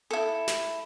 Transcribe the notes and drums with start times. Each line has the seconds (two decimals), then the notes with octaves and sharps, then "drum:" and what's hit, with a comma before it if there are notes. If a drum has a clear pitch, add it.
0.11 E4 A4
0.48 drum: snare